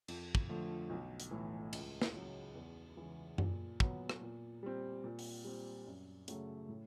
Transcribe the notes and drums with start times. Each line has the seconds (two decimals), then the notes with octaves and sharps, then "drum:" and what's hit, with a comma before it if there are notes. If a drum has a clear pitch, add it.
0.08 F2, drum: cymbal
0.35 drum: kick
0.49 D3 F3 A3
0.90 B1
1.20 drum: hi-hat
1.31 A2 E3
1.73 C#2, drum: cymbal
2.02 drum: snare
2.14 C#3 F#3
2.55 E2
2.97 C#3 E3 G#3
3.38 A#2, drum: tom F#2
3.80 F#3 B3, drum: kick
4.09 drum: rim click
4.22 A#2
4.63 G3 C4
5.04 A#2
5.19 drum: open hi-hat
5.44 G3 C4
5.87 F#2
6.28 C#3 F#3 A3, drum: hi-hat
6.68 A2